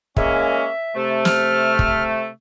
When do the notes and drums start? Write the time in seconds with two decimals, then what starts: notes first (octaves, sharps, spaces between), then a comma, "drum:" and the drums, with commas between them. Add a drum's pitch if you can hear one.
0.17 G#3 A#3 C#4 E5, drum: kick
0.95 C3 A3
1.25 F6, drum: snare
1.79 drum: kick